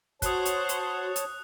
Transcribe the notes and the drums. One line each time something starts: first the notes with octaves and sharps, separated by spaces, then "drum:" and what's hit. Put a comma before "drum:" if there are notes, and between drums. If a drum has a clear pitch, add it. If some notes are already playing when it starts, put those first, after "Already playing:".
F#4 C5 C#5 F#5 A5 D#6 F#6, drum: kick, hi-hat
drum: hi-hat
drum: hi-hat
drum: hi-hat